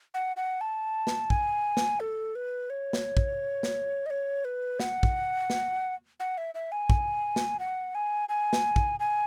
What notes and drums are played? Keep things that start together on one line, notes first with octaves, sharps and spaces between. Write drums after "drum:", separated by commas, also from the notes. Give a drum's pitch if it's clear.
F#5
F#5
A5
drum: snare
G#5, drum: kick
drum: snare
A4
B4
C#5
drum: snare
drum: kick
drum: snare
D#5
C#5
B4
F#5, drum: snare
drum: kick
drum: snare
F#5
E5
E5
G#5
drum: kick
drum: snare
F#5
G#5
G#5
drum: snare
drum: kick
G#5